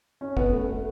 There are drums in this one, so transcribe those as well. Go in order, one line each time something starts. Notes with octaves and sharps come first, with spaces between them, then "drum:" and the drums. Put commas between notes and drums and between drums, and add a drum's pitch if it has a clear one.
C#4
B3, drum: kick
A3
A3